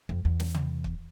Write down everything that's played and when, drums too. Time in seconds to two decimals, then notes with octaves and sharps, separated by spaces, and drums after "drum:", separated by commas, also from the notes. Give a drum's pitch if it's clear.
0.09 F2
0.25 E2
0.40 drum: snare
0.54 drum: tom
0.84 drum: kick